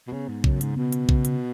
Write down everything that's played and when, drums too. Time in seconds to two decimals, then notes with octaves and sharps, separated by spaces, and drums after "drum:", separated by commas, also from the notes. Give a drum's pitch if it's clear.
0.07 B2
0.12 C#3 B3
0.28 G#2
0.44 F#2 C#3, drum: kick A#1
0.61 G#2, drum: hi-hat
0.76 B2 B3
0.93 drum: hi-hat
1.09 C#3, drum: kick A#1
1.25 drum: hi-hat